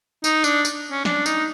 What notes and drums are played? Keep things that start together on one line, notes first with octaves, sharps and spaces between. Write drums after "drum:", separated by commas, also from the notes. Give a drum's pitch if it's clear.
D#4, drum: tambourine
D4, drum: tambourine
drum: tambourine
C#4
D4, drum: snare
D#4, drum: tambourine